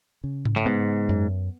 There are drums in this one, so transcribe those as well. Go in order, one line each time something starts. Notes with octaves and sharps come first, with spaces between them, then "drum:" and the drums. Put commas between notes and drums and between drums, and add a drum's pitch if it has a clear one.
C#3
drum: tom G#2
A2
G#2 B3
F#2